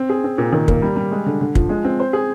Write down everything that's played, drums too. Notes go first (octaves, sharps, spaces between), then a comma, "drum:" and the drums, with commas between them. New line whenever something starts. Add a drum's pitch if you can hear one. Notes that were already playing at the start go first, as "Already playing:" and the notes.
Already playing: C4
G#4
C4
A#2
D#3
A#3, drum: kick
G3
G3
G#3
D3
D3
F3, drum: kick
G#3
C4
C5
G#4